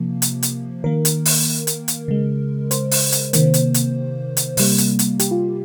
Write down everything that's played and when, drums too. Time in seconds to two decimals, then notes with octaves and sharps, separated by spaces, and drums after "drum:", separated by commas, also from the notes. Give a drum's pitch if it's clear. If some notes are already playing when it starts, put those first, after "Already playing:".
Already playing: C3 F3 A#3
0.22 drum: hi-hat
0.43 drum: hi-hat
0.84 D#3 A#3 A#4
1.05 drum: hi-hat
1.25 drum: open hi-hat
1.67 drum: hi-hat
1.88 drum: hi-hat
2.08 C#3 G#3
2.71 C5, drum: hi-hat
2.91 drum: open hi-hat
3.12 drum: hi-hat
3.33 C3 D#3 A#3, drum: hi-hat
3.54 drum: hi-hat
3.74 drum: hi-hat
4.37 drum: hi-hat
4.57 C3 G3 A#3, drum: open hi-hat
4.78 drum: hi-hat
4.99 drum: hi-hat
5.19 G4, drum: hi-hat
5.31 F4